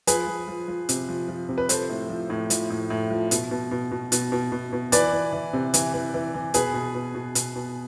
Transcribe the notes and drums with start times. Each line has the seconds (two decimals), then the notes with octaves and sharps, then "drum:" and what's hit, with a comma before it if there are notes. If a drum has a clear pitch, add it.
0.07 F3 G#4 B4, drum: hi-hat
0.27 F3
0.48 F3
0.68 F3
0.89 C3, drum: hi-hat
1.09 F3
1.28 F3
1.49 C3
1.58 B4
1.69 F3 A4 C5, drum: hi-hat
1.89 A2
2.09 F3
2.30 A2
2.50 F3, drum: hi-hat
2.70 A2
2.90 A2
3.10 F3
3.31 B2, drum: hi-hat
3.51 B2
3.71 B2
3.91 B2
4.12 B2, drum: hi-hat
4.32 B2
4.52 B2
4.73 B2
4.92 E3 B4 D5, drum: hi-hat
5.13 E3
5.33 E3
5.53 C3
5.74 E3, drum: hi-hat
5.94 E3
6.14 E3
6.34 E3
6.54 B2 G#4 B4, drum: hi-hat
6.74 B2
6.95 B2
7.15 B2
7.35 B2, drum: hi-hat
7.56 B2